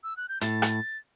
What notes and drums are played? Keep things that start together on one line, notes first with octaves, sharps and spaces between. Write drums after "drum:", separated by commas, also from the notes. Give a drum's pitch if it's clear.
E6
F#6
G6
A2 A6, drum: hi-hat
drum: rim click